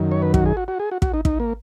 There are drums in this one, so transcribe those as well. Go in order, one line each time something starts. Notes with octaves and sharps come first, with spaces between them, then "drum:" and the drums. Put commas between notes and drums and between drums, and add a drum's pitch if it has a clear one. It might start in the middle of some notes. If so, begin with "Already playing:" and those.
Already playing: F#2 D#3
C#5
B4
F#4, drum: kick
G#4
F#4
F#4
G#4
F#4
F#4, drum: kick
D#4
D#4, drum: kick
A#3